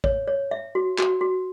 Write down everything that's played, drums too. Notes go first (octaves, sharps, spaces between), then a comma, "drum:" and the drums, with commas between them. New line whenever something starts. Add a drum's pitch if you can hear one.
C#5, drum: kick A1
C#5
E5
F#4
F#4, drum: clap
F#4